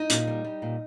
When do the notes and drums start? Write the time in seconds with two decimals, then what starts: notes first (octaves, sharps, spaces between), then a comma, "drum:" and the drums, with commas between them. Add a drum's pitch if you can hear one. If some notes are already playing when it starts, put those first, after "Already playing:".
Already playing: D#4
0.10 A#2, drum: hi-hat
0.27 G3
0.44 G3
0.62 A#2